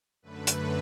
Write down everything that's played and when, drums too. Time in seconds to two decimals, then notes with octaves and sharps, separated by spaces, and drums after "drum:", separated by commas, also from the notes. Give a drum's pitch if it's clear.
0.22 F#2 D3 A3 B4
0.47 drum: hi-hat